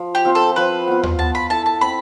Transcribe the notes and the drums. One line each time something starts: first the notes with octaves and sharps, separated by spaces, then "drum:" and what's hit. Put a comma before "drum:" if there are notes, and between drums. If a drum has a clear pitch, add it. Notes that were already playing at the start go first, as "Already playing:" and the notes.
Already playing: F3
G4
C4 F4 C5
A4
F3 B4
B3 F4
drum: tom D#2
B3 A5
B5
E4 A4 A5
A5
C4 B5